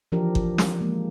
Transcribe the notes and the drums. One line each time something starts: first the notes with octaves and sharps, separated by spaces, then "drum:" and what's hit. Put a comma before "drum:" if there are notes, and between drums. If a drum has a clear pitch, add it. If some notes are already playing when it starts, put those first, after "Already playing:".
E3 F3 D4 G4 A#4
drum: kick G1
drum: snare
F3 G#3 A#3